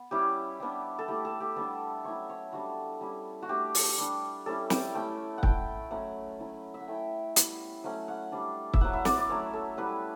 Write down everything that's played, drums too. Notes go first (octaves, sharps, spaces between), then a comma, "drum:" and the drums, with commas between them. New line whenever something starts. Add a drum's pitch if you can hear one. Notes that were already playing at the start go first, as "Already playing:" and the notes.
Already playing: B3
G3 C#4 E4 G4
G3 B3 D4
A4
A3 E4 G4
A4
G4
G3 B3 D4 A4
F#3 A3 C#4 E4 C#5
C#5
G3 D4 F#4
G3 C#4 E4
F#4
A3 D4 G4
drum: open hi-hat
G3 D4
G3 C#4 E4 A4
G5, drum: snare
A3 C#4 E4 G5
F#5
A3 E4 G5, drum: kick
F#3 A3 C#4 E4 F#5
F#3 C#4 E4
E5
F#5
A3 C#4 E4 G5
G3 B3 E4, drum: hi-hat
F#3 A3 C#4 F#5
F#5
G3 D4
E5, drum: kick
F#3 B3 E4 F#5
E5
D5, drum: snare
D5
F#3 A3 C#4 C#5
A4
G3 C#4 E4 B4